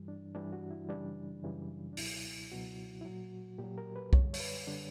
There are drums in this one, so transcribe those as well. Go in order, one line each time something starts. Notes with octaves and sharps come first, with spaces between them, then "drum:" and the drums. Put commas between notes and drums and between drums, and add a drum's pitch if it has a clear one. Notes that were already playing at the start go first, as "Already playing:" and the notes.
Already playing: G2 E3 G3
D4
G2 E3 G3 D4
F#4
E4
F#2 C#3 E3 G3 D4
F#2 C#3 E3 G3
D4
C#2 B2 F#3 E4, drum: open hi-hat
C#2 B2 F#3 F#4
E4
A#2 F#3 F#4
A#2 G4
F#3
A#4
B4
F#2 D3 G3 C#5, drum: kick B1
C#5, drum: open hi-hat
B4
D3 G3 D4